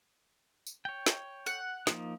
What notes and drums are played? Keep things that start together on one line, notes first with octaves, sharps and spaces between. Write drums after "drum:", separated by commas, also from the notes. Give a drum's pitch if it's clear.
drum: tambourine
C#5 G5
drum: snare
F#5, drum: tambourine
F3 A#3 D#4, drum: snare